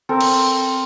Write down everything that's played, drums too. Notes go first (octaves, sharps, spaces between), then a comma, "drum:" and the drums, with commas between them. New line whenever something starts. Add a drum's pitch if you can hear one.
C4 A4 A#4 A5
drum: cymbal